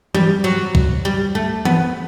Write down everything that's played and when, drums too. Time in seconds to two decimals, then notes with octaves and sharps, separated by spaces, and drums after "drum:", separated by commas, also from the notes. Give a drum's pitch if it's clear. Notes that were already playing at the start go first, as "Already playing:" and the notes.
0.15 G3, drum: tom E3
0.44 F#3
0.75 drum: kick
1.05 G3
1.35 A3
1.65 B3, drum: tom E3